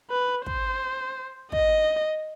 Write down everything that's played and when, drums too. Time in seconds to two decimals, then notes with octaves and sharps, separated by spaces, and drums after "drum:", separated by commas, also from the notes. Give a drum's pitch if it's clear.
0.10 B4
0.46 C5, drum: kick
1.52 D#5, drum: kick